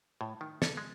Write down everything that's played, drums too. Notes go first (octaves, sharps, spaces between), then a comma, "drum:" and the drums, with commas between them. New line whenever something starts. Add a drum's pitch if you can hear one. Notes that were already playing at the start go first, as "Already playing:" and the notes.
A2
D#3
A4, drum: snare
G#3